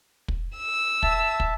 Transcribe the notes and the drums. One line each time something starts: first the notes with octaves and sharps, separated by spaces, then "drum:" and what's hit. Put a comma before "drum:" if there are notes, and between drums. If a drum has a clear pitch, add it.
drum: kick
E6
E5 A5, drum: kick
drum: kick